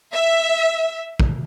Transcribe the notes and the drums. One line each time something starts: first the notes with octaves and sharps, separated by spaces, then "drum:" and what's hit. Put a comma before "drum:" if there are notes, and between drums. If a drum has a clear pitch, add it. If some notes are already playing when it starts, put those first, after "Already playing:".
E5
drum: kick